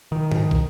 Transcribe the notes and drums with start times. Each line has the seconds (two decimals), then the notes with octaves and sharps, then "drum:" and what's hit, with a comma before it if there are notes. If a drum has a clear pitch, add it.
0.12 D#3
0.32 drum: tom G#2
0.51 drum: kick